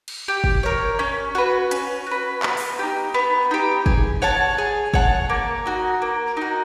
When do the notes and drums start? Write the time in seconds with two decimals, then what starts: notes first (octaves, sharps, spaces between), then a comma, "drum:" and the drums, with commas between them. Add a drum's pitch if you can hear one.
0.08 drum: cymbal
0.28 G4
0.44 drum: kick
0.63 A#4 C#5
0.99 C#4
1.35 F#4 B4
1.71 C#4, drum: hi-hat
2.07 F#4 B4
2.43 B3, drum: clap
2.57 drum: open hi-hat
2.79 D#4 G4
3.14 B3
3.51 D#4 G4
3.86 G#4, drum: kick
4.22 C#5 F#5 A5
4.58 G#4
4.94 C#5 F#5 A5, drum: kick
5.29 A#3
5.66 D#4 F#4
6.02 A#3
6.37 D#4 F#4